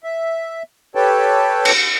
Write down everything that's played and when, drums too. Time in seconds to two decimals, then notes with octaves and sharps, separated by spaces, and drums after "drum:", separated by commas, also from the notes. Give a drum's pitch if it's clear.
0.04 E5
0.95 G4 A4 B4 C#5 G5 A5
1.65 drum: cymbal